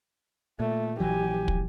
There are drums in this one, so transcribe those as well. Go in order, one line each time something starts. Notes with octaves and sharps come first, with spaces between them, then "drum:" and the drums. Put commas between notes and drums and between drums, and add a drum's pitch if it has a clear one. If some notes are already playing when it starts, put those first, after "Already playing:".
A#2 A3
A#1 E3 F#3 G4 G#5
drum: kick